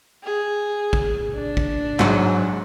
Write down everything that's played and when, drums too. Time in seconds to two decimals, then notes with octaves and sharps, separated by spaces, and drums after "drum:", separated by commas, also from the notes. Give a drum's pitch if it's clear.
0.23 G#4
0.93 drum: kick
1.35 D4
1.57 drum: kick
2.00 G#2 F#3, drum: clap